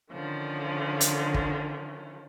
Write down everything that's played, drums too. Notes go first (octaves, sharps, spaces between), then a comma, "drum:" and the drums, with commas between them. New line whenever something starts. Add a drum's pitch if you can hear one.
D3 D#3 F3 C#4
drum: hi-hat
drum: kick